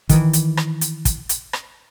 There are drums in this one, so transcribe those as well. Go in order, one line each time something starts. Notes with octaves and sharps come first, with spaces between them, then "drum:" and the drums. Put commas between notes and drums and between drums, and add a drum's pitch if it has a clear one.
D#3 E3, drum: kick, hi-hat
drum: hi-hat
drum: rim click
drum: hi-hat
drum: kick, hi-hat
drum: hi-hat
drum: rim click